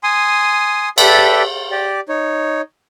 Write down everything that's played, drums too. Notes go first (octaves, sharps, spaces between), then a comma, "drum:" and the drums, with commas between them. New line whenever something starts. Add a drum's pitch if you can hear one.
G#5 C6 D#6
G4 A4 B4 D5 E5, drum: cymbal
G4 D5
D#4 C#5